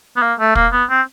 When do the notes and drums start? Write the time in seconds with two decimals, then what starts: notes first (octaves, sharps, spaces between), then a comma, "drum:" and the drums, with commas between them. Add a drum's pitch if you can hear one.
0.17 B3
0.22 A#3
0.39 A3
0.55 A#3, drum: kick
0.72 B3
0.90 C4